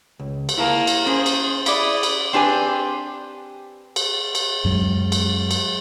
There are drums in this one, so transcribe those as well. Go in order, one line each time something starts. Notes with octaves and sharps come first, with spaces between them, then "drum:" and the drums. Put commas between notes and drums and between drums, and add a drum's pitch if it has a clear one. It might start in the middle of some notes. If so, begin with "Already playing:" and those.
C#2
drum: cymbal
A#3 E4 F5 A5
drum: cymbal
C#4 G#4 C5
drum: cymbal
E4 D5 D#6, drum: cymbal
drum: cymbal
C4 D4 G4 B4 G#5
drum: cymbal
drum: cymbal
F#2 F#3 G#3
drum: cymbal
drum: cymbal